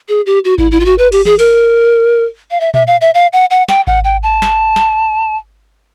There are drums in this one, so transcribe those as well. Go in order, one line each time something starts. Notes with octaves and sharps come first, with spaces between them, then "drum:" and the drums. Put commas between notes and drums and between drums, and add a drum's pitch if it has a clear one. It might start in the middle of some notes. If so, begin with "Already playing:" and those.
G#4
G4
F#4
E4, drum: kick G#1
E4
F4
F#4
B4
G4, drum: cymbal
G#4, drum: tom E3
A#4, drum: open hi-hat
F5
E5
E5, drum: tom A#2
F5
E5
F5
F#5
F#5
G5, drum: snare
F#5, drum: kick G#1
G5
A5
drum: snare
drum: snare